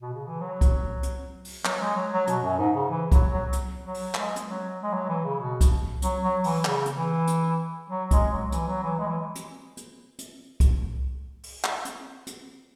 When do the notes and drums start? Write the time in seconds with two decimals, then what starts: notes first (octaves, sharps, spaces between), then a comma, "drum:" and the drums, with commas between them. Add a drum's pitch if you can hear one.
0.01 B2
0.14 C#3
0.27 E3
0.41 F#3
0.61 drum: kick C2, hi-hat
1.03 drum: hi-hat
1.44 drum: open hi-hat
1.65 F#3, drum: clap
1.81 G#3
1.96 F#3
2.13 F#3
2.27 B2, drum: hi-hat
2.44 F#2
2.59 G#2
2.75 C#3
2.90 E3
3.12 F#3, drum: kick C2, hi-hat
3.31 F#3
3.53 drum: hi-hat
3.83 F#3
3.94 drum: open hi-hat
4.14 G#3, drum: clap
4.36 drum: hi-hat
4.46 F#3
4.83 G#3
4.93 F#3
5.09 E3
5.25 C#3
5.40 B2
5.61 drum: kick C2, hi-hat
6.02 F#3, drum: hi-hat
6.23 F#3
6.44 E3, drum: open hi-hat
6.65 C#3, drum: clap
6.86 drum: hi-hat
6.95 E3
7.27 drum: hi-hat
7.90 F#3
8.11 G#3, drum: kick C2, hi-hat
8.31 F#3
8.52 E3, drum: hi-hat
8.67 F#3
8.83 E3
8.99 G#3
9.07 E3
9.35 drum: hi-hat
9.77 drum: hi-hat
10.19 drum: hi-hat
10.60 drum: kick C2, hi-hat
11.43 drum: open hi-hat
11.64 drum: clap
11.85 drum: hi-hat
12.27 drum: hi-hat